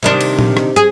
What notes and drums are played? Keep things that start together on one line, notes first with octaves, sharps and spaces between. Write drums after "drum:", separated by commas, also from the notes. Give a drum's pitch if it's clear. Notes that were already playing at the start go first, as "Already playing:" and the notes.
C3 D#3 D4
drum: cymbal
drum: tom A#2
drum: rim click
G#4